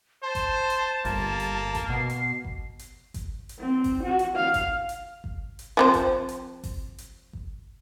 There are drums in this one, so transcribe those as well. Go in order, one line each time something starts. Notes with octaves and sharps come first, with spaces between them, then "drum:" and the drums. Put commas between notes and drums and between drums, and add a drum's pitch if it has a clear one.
C5 A5
drum: kick G1, hi-hat
drum: hi-hat
G1 A#3, drum: kick G1, open hi-hat
drum: hi-hat
drum: kick G1, hi-hat
B2 C7
drum: hi-hat
drum: kick G1
drum: hi-hat
drum: kick G1, hi-hat
drum: hi-hat
C4
drum: kick G1, open hi-hat
F#4
drum: hi-hat
F5
drum: kick G1, hi-hat
drum: hi-hat
drum: kick G1
drum: hi-hat
F3 C4 C5
drum: kick G1, hi-hat
drum: hi-hat
drum: kick G1, open hi-hat
drum: hi-hat
drum: kick G1